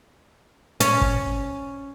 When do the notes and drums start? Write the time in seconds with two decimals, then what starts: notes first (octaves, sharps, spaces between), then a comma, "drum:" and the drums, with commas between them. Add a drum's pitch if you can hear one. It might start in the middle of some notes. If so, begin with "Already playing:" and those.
0.80 C#4, drum: hi-hat
1.01 drum: kick